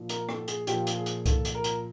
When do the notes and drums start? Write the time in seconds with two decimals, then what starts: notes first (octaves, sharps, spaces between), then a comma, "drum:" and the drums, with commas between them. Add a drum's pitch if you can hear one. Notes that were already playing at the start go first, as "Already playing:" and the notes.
Already playing: A#2 F3
0.09 A#4, drum: hi-hat
0.29 A4, drum: rim click
0.48 G#4, drum: hi-hat
0.67 A#2 F3 G4, drum: hi-hat
0.87 drum: hi-hat
0.97 G#4
1.06 drum: hi-hat
1.26 A4, drum: kick C2, hi-hat
1.45 drum: hi-hat
1.55 A#4
1.64 drum: hi-hat